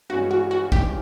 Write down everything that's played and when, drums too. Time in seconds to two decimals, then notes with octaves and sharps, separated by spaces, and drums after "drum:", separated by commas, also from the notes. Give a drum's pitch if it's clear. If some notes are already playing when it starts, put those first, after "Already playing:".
0.10 G2 E3 G#3 C#4 F#4
0.31 F#4
0.51 F#4
0.72 G4, drum: kick